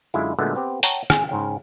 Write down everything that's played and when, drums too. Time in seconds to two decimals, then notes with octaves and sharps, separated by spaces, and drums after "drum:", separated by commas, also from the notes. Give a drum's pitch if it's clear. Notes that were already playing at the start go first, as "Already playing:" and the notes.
0.14 F#2 D3 G#3 E4 F4
0.39 A#2 D3 F#3 G#3 A3 B3
0.55 B3 C4 G4
0.83 C#5 F#5 G5 A5 A#5, drum: hi-hat
1.10 G#4, drum: rim click
1.29 G#2 C#3 G5